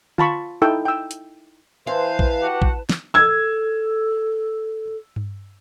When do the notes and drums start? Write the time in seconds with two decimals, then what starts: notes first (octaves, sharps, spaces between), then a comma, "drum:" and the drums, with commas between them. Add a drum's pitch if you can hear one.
0.18 F4 A5 B5 C#6, drum: tom D3
0.62 D#4 E4 A4 G5 E6
0.85 G5 E6
1.11 drum: hi-hat
1.87 E3 B4 C5 F5 A5
2.19 drum: kick
2.41 F#4 G4 F#5
2.62 drum: kick
2.89 drum: snare
3.14 A4 E6 G#6
5.16 drum: tom G2